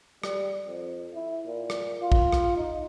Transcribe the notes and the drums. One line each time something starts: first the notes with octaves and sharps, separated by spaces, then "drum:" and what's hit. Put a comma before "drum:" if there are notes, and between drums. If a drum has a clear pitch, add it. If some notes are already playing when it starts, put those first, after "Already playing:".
G3, drum: rim click
F2
E4
A#2
drum: rim click
F4
drum: kick A#1
drum: rim click
D#4